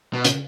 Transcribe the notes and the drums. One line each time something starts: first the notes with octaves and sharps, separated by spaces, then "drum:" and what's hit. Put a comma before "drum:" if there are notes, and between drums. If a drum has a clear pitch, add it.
B2
C#3, drum: hi-hat